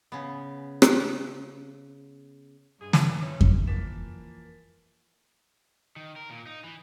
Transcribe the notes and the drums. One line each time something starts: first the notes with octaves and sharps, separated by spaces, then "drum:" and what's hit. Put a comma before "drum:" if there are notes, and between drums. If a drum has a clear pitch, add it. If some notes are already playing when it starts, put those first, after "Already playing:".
C#3 B3
drum: rim click
G2 G#4
drum: snare
C#4 E4
drum: kick F2
E3 F3 A#3 A6 B6 E7
D#3
A#4
A#2
D#4
E3